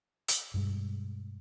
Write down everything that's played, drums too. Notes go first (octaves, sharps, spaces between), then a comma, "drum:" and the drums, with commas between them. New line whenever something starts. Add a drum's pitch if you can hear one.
drum: hi-hat
G2 B2 G3 G#3